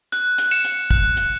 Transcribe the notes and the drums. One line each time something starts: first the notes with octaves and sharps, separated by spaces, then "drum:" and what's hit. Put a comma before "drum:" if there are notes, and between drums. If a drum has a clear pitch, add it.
F#6, drum: hi-hat
drum: hi-hat
C#7 E7
drum: hi-hat
F#6, drum: kick
drum: hi-hat